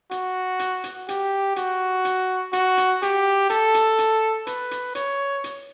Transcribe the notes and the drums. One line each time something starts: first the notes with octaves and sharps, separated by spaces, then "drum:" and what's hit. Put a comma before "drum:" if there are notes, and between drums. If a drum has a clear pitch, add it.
F#4, drum: hi-hat
drum: hi-hat
drum: hi-hat
G4, drum: hi-hat
F#4, drum: hi-hat
drum: hi-hat
F#4, drum: hi-hat
drum: hi-hat
G4, drum: hi-hat
A4, drum: hi-hat
drum: hi-hat
drum: hi-hat
B4, drum: hi-hat
drum: hi-hat
C#5, drum: hi-hat
drum: hi-hat